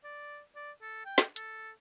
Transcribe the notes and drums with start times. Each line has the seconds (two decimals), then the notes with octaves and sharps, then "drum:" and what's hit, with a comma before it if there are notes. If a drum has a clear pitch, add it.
0.04 D5
0.56 D5
0.82 A4
1.06 G5
1.18 drum: snare
1.36 A4, drum: hi-hat